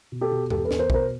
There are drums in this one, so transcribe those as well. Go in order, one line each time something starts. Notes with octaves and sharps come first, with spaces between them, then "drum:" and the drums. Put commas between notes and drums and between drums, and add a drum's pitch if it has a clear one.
B2
G4 A4
B2
E2 G4 A4, drum: tom G2
A4 B4
E2, drum: snare
A#4 C5
B2 A#4 C5, drum: kick A#1